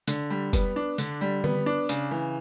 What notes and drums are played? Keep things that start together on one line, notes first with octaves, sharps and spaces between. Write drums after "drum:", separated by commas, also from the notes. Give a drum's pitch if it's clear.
D3, drum: hi-hat
G3
B3, drum: kick, hi-hat
D4
D3, drum: hi-hat
G3
B3, drum: tom D3
D4
C#3, drum: hi-hat
E3